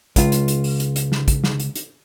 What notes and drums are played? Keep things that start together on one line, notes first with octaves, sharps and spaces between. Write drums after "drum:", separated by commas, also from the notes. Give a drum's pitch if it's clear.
C#2 F4, drum: kick, hi-hat
drum: hi-hat
drum: hi-hat
drum: open hi-hat
drum: hi-hat
drum: hi-hat
drum: snare
drum: kick, hi-hat
drum: snare
drum: hi-hat
drum: hi-hat